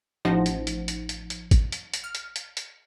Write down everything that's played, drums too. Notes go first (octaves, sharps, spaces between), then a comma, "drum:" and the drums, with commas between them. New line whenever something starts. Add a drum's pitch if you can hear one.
A1 F3 D#4 C5 F#5 A#6
drum: hi-hat
drum: hi-hat
drum: hi-hat
drum: hi-hat
drum: hi-hat
drum: kick, hi-hat
drum: hi-hat
drum: hi-hat
F6
drum: hi-hat
drum: hi-hat
drum: hi-hat